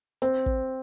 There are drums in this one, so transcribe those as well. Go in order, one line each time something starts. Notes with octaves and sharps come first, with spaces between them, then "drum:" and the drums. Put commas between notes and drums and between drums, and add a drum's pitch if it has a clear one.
C4, drum: hi-hat
drum: kick